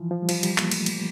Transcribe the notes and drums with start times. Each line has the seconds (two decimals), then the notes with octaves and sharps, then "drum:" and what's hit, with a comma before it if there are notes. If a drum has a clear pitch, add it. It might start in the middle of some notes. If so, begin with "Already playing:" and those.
Already playing: E3 F3
0.11 F3
0.22 G3
0.29 F3, drum: cymbal
0.43 G3, drum: cymbal
0.58 A#3, drum: clap
0.71 A3, drum: cymbal
0.86 drum: cymbal